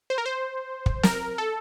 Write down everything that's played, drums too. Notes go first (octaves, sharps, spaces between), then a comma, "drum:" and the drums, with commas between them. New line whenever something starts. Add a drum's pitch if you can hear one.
C5
A#4
C5
drum: kick
A#4, drum: snare
A4